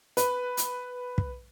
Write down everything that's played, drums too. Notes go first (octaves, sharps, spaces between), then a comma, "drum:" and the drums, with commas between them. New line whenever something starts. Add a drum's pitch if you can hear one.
B4, drum: hi-hat
drum: hi-hat
drum: kick